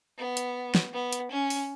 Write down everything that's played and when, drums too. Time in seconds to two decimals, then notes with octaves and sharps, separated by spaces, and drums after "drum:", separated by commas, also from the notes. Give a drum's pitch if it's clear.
0.18 B3
0.37 drum: hi-hat
0.75 drum: snare
0.93 B3
1.13 drum: hi-hat
1.32 C#4
1.50 drum: open hi-hat